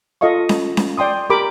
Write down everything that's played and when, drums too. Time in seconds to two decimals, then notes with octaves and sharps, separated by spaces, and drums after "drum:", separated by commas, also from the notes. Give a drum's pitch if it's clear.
0.21 F4 A4 D#5 F5 C#6
0.49 drum: snare C#4
0.77 drum: snare C#4
0.98 D5 G5 C6 D#6
1.30 G4 A#4 B5 D6